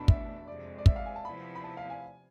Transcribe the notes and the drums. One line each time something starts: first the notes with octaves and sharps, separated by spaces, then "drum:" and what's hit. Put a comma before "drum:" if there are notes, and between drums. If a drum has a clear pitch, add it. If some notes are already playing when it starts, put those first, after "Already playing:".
Already playing: E2 B2 A3 D4 A5 B5
E5, drum: kick
F2 C3 G#3 D5
D5
E5, drum: kick
F5
G#5
A5
C3 F3 B3 E4 B5
B5
A5
F5
G#5